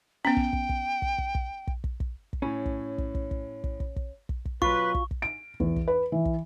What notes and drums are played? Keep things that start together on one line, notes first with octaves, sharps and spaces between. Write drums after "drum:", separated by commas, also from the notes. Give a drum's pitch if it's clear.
B3 C#4 G5
drum: kick
drum: kick
drum: kick
drum: kick
drum: kick
drum: kick
drum: kick
drum: kick
drum: kick
drum: kick
A2 C#4
drum: kick
drum: kick
drum: kick
drum: kick
drum: kick
drum: kick
drum: kick
drum: kick
drum: kick
B1 F4 B4 C6 C#6, drum: kick
drum: kick
drum: kick
D7
E2, drum: kick
drum: kick
B4
E3
drum: kick